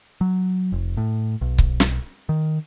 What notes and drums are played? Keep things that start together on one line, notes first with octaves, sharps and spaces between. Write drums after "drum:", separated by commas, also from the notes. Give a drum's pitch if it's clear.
F#3
F1
A2
B1
drum: kick C#1
drum: snare
D#3